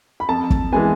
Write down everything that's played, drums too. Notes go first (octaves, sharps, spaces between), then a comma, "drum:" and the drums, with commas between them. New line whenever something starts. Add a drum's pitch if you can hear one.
B5
F2 A5
drum: kick
E3 G#3 B3 G#5